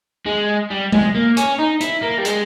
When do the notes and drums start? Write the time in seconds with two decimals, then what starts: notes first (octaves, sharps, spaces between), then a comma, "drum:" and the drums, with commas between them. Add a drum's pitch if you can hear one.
0.26 G#3
0.70 G3
0.92 G#3, drum: tom G#3
1.15 A#3
1.37 C#4, drum: hi-hat
1.59 D#4
1.81 E4, drum: hi-hat
2.02 A#3
2.18 G3
2.25 G#3, drum: hi-hat